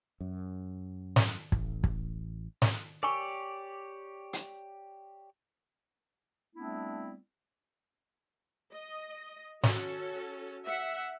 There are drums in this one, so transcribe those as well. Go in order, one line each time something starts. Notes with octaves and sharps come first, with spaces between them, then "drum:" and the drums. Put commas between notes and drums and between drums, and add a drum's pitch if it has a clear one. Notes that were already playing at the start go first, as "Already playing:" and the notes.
F#2
drum: snare
A1, drum: kick
drum: kick
drum: snare
G4 A#4 C#5 D5 G#5 C#6
drum: hi-hat
G3 A3 B3 C4 D4 E4
D#5
C#4 F#4 A4, drum: snare
E5 F#5